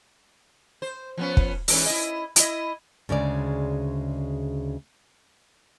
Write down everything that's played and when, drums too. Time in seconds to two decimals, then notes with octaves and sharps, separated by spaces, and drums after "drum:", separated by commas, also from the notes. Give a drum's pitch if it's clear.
0.82 C5
1.17 F3 B3 C#4
1.37 drum: kick
1.68 G#2 E3 C#4, drum: open hi-hat
1.86 E4 D#5
2.36 E4 D#5, drum: hi-hat
3.09 D2 C#3 G#3 D5